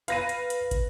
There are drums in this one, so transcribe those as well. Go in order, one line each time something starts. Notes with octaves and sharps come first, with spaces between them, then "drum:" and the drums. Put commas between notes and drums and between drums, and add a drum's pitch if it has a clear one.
B4 F5 A#6 D#7, drum: hi-hat
drum: hi-hat
drum: hi-hat
drum: kick, hi-hat